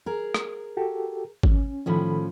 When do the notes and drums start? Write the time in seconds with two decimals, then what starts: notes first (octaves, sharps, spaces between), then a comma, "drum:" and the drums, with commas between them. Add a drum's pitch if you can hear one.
0.06 G#4 A#4
0.34 drum: rim click
0.77 F#4 G4 A4
1.43 C#4, drum: kick G#1
1.86 A2 D#3 F3 C#4 A4 B5